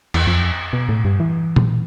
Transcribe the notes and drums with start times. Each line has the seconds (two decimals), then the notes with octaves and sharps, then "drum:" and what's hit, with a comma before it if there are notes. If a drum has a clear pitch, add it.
0.14 E2, drum: cymbal
0.27 F2
0.73 B2
0.89 A2
1.05 G2
1.20 E3
1.56 drum: tom A#2